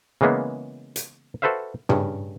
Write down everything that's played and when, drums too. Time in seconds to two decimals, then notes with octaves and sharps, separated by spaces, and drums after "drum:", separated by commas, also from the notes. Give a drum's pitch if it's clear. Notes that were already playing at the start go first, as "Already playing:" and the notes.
0.21 C#3 E3 G#3 A#3 B3
0.96 drum: hi-hat
1.42 F#4 A4 B4 C5 E5 F5
1.89 G2 C#3, drum: tom